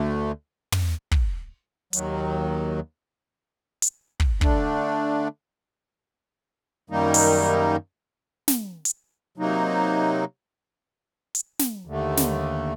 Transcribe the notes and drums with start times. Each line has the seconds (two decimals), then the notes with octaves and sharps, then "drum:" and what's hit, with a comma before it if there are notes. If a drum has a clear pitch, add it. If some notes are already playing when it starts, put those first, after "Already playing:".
Already playing: D2 D3 A3
0.72 drum: tom
1.11 drum: kick
1.93 D#2 D#3 F#3, drum: hi-hat
3.82 drum: hi-hat
4.20 drum: kick
4.41 D3 A3 D4, drum: kick
6.90 F#2 D#3 G3 A#3 D#4
7.14 drum: open hi-hat
8.48 drum: snare
8.85 drum: hi-hat
9.37 C3 F#3 A#3 D#4
11.35 drum: hi-hat
11.59 drum: snare
11.86 D#2 D3 A3
12.17 drum: snare